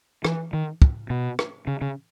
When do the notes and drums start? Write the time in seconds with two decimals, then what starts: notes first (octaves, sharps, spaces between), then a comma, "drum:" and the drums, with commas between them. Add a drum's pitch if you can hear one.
0.25 E3, drum: rim click
0.53 D#3
0.82 drum: kick
1.10 B2
1.39 drum: rim click
1.67 C#3
1.81 C#3